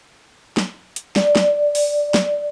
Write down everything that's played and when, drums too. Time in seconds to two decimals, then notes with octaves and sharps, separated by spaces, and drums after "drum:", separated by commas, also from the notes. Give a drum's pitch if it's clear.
0.57 drum: snare
0.96 drum: hi-hat
1.16 D5, drum: snare
1.36 drum: snare
1.75 drum: open hi-hat
2.14 drum: snare